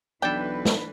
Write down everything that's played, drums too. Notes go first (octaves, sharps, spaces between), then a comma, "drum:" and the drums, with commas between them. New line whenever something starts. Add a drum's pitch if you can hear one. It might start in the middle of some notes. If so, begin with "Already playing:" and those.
B1 E3 D4 A4 B4 G5
drum: snare